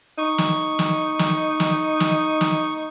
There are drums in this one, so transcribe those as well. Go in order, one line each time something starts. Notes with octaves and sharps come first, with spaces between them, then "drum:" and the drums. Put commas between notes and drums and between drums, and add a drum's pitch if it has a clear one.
D#4 C#6
drum: snare
drum: snare
drum: snare
drum: snare
drum: snare
drum: snare